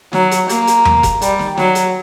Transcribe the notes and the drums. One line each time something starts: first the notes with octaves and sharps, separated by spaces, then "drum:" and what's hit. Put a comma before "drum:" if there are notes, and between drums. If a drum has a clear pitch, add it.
F#3, drum: snare
drum: hi-hat
A#3, drum: hi-hat
drum: hi-hat
drum: tom E2
drum: kick F1, hi-hat
G3, drum: hi-hat
drum: snare
F#3, drum: snare
drum: hi-hat